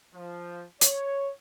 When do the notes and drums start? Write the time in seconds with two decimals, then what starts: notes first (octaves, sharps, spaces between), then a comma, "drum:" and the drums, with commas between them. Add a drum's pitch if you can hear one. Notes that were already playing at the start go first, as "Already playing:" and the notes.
0.15 F3
0.81 C#5, drum: hi-hat